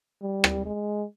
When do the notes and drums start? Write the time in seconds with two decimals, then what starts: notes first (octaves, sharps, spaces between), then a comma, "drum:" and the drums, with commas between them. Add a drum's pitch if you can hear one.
0.22 G3
0.44 drum: rim click
0.66 G#3